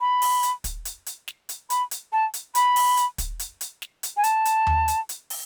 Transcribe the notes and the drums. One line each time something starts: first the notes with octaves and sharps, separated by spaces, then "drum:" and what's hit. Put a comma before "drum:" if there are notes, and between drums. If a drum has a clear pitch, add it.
B5
drum: open hi-hat
drum: hi-hat
drum: kick, hi-hat
drum: hi-hat
drum: hi-hat
drum: snare
drum: hi-hat
B5, drum: hi-hat
drum: hi-hat
A5
drum: hi-hat
B5, drum: hi-hat
drum: open hi-hat
drum: hi-hat
drum: kick, hi-hat
drum: hi-hat
drum: hi-hat
drum: snare
drum: hi-hat
G#5
A5, drum: hi-hat
drum: hi-hat
drum: tom D#2
drum: hi-hat
drum: hi-hat
drum: open hi-hat